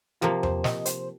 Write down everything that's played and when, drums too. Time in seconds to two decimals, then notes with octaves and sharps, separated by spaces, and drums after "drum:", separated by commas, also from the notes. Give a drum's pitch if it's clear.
0.21 C3 F3 A#3 F4
0.43 C5, drum: tom E2
0.64 D#5, drum: snare
0.86 C5, drum: hi-hat